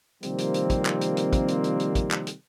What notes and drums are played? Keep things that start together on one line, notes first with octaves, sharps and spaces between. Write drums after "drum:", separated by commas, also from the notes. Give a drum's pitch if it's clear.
C3 D#3 F3 G3 A#3 C4, drum: hi-hat
drum: hi-hat
drum: hi-hat
drum: kick, hi-hat
drum: clap
drum: hi-hat
drum: hi-hat
drum: kick, hi-hat
drum: hi-hat
drum: hi-hat
drum: hi-hat
drum: kick, hi-hat
drum: clap
drum: hi-hat